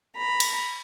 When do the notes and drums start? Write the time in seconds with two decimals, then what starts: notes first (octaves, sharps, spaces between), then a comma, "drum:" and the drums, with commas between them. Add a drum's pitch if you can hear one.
0.16 A#5 B5
0.40 drum: cymbal